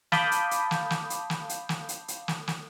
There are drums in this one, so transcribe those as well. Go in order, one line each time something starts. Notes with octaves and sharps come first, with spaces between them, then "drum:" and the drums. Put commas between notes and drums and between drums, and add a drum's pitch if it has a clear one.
F5 A5 B5 D6 D#6 G6, drum: snare
drum: hi-hat
drum: hi-hat
drum: snare
drum: snare
drum: hi-hat
drum: snare
drum: hi-hat
drum: snare
drum: hi-hat
drum: hi-hat
drum: snare
drum: snare